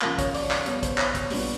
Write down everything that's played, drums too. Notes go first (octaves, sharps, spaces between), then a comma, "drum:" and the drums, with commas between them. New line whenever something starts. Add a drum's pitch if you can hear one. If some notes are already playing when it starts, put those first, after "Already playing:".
D#2 C#3 F3 A#3 F5, drum: clap
C#5, drum: kick A1, hi-hat
D5, drum: open hi-hat
D5, drum: clap
B2 G3 B3 C#5, drum: hi-hat
C5, drum: kick A1, hi-hat
C#5, drum: clap
drum: kick A1, hi-hat
A#2 G3 B3 D4, drum: open hi-hat